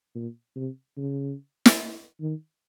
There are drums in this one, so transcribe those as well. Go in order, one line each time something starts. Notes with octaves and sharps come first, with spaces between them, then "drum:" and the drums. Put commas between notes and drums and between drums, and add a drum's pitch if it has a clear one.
A#2
C3
C#3
drum: snare
D#3